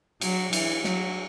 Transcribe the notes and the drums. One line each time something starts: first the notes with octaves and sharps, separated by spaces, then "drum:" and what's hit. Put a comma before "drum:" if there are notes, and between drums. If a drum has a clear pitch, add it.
F#3, drum: cymbal
E3, drum: cymbal
F#3, drum: snare